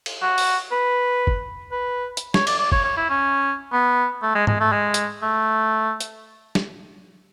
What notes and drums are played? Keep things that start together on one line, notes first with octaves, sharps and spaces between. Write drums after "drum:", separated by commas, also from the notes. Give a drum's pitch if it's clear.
drum: cymbal
F#4
drum: open hi-hat
B4
drum: kick
B4
drum: hi-hat
C#5, drum: snare
D5, drum: cymbal
D5
C#5, drum: kick
C#5
E4
C#4
B3
A3
G#3
G#3, drum: tom G#2
A3
G#3
drum: hi-hat
A3
drum: hi-hat
drum: snare